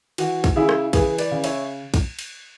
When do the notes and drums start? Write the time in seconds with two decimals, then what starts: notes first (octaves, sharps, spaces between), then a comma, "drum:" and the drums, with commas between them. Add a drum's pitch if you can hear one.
0.18 E3 F#4, drum: cymbal
0.44 drum: kick, cymbal
0.56 C#3 E4 G#4
0.69 drum: rim click
0.93 E3 G#4 B4, drum: kick, cymbal
1.18 B4 D5, drum: cymbal
1.31 C#3
1.44 C#5 E5, drum: cymbal
1.94 drum: kick, cymbal
2.19 drum: cymbal